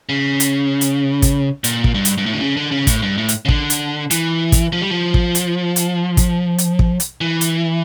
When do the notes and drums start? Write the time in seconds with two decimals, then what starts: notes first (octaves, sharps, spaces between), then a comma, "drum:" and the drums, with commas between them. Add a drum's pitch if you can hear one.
0.09 C#3
0.40 drum: hi-hat
0.81 drum: hi-hat
1.22 drum: kick, hi-hat
1.64 A#2, drum: hi-hat
1.84 drum: kick
1.94 G2
2.05 drum: hi-hat
2.18 G2
2.26 A2
2.33 D3
2.40 C#3
2.57 D3
2.71 C#3
2.87 A2, drum: kick, hi-hat
3.02 G2
3.18 A2
3.29 drum: hi-hat
3.45 C#3
3.49 D3, drum: kick
3.70 drum: hi-hat
4.11 E3, drum: hi-hat
4.52 drum: kick, hi-hat
4.72 F3
4.81 G3
4.90 F3
5.14 drum: kick
5.35 drum: hi-hat
5.76 drum: hi-hat
6.17 drum: kick, hi-hat
6.58 drum: hi-hat
6.79 drum: kick
7.00 drum: hi-hat
7.21 E3
7.41 drum: hi-hat